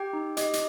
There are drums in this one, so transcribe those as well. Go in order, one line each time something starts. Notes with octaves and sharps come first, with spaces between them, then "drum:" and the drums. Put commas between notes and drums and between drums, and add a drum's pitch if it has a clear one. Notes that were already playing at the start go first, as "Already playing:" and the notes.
Already playing: G4 G5
D#4
G4 D#5, drum: hi-hat
drum: hi-hat